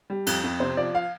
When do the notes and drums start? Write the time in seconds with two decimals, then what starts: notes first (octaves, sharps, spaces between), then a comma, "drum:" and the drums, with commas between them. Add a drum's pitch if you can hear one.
0.10 G3
0.27 F2, drum: cymbal
0.44 F2
0.60 C3 C5
0.77 F3 D5
0.95 F5